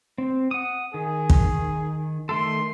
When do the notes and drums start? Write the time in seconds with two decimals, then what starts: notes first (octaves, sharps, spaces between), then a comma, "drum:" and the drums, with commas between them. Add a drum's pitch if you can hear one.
0.18 C4
0.51 F#5 D#6
0.94 D#3 G#4
1.30 drum: kick
2.29 D#3 A3 A4 C6